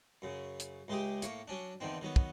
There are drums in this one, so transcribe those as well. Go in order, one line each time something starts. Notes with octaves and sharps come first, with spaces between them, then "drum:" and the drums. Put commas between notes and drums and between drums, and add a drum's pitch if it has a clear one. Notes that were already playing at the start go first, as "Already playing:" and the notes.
F#2 C#3
drum: hi-hat
C#2 G#3 E4 G4 G#4
A2 A#3 C#5, drum: hi-hat
F#3 C#4 D4
E2 D3 D#3 C4
D#3 F#3 B3
drum: kick